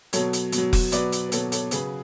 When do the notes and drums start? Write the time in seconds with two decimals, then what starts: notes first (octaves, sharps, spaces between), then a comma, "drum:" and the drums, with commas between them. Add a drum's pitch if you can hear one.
0.13 B2 F#3 A4 C#5, drum: hi-hat
0.33 drum: hi-hat
0.52 B2, drum: hi-hat
0.58 F#3
0.73 drum: kick F1, open hi-hat
0.92 B2 F#3 B4 D5, drum: hi-hat
1.12 drum: hi-hat
1.29 B4
1.32 B2 F#3 A4 C#5, drum: hi-hat
1.52 A4 C#5, drum: hi-hat
1.71 C#3 F#3 G#4 B4, drum: hi-hat